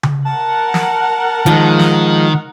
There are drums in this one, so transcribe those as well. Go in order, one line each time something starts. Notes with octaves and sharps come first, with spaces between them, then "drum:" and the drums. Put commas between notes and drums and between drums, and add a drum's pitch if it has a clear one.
drum: tom C#3
A#4 F#5 A5
drum: snare
D#3 F3 G#3, drum: hi-hat
drum: snare